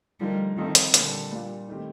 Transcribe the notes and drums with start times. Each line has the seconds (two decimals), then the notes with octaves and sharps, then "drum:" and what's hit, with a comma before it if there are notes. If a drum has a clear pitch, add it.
0.20 D3 F3 G3 A3 D#4 A#4
0.57 C3 D#3 F3 C4 D#4 A4
0.75 drum: hi-hat
0.94 A#2 D3 G3 D4, drum: hi-hat
1.31 A#2 G3 D4 F4
1.69 D#3 A3 C4 G4